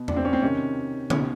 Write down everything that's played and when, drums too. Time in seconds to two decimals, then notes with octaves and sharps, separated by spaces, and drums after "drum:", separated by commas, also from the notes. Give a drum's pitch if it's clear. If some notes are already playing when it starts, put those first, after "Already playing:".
Already playing: B2
0.08 D4, drum: tom E2
0.16 C4
0.25 C#4
0.33 C4
0.42 C3 D#3 C#4
1.10 B2 C#4, drum: tom C#3